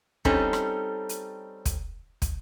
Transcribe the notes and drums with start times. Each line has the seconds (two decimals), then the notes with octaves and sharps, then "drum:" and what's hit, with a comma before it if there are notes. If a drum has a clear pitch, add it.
0.25 G3 C4 C#4 D#4 A4, drum: kick
0.53 drum: rim click
1.09 drum: hi-hat
1.65 drum: kick, hi-hat
2.22 drum: kick, hi-hat